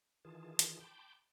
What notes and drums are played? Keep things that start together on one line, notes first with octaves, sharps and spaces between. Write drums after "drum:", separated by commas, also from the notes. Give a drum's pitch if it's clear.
D#3 E3 F4 G#4 A5
drum: hi-hat
G5 A5 B5 C6 D6 G6